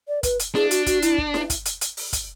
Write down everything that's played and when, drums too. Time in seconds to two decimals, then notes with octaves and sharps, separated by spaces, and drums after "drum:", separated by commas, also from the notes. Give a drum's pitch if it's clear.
0.08 D5
0.23 B4, drum: kick, hi-hat
0.39 drum: hi-hat
0.55 D4 G#4, drum: snare E4
0.71 F#4, drum: hi-hat
0.86 F#4, drum: kick, hi-hat
1.02 E4, drum: hi-hat
1.18 drum: kick
1.34 drum: snare E4
1.50 drum: kick, hi-hat
1.65 drum: hi-hat
1.81 drum: hi-hat
1.97 drum: open hi-hat
2.13 drum: kick, hi-hat